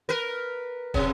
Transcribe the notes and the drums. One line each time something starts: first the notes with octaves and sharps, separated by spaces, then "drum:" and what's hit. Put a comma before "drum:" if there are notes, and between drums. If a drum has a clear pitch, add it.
A#4 B4
F#2 C3, drum: kick